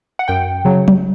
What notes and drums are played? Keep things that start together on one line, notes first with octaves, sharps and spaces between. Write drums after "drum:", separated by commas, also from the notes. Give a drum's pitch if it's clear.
F#5
F#2 G5
C#3 F#3
drum: tom